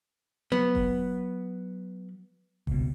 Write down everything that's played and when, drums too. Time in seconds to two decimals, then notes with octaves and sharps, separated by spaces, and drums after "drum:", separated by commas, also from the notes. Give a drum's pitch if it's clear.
0.52 F#3 B3
0.75 drum: kick F#1
2.67 C#2 B2, drum: kick F#1